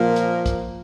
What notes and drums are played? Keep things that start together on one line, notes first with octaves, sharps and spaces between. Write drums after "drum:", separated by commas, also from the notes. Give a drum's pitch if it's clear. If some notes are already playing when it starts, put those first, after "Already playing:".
Already playing: A#2 F3 A#3
drum: hi-hat
drum: kick B1, hi-hat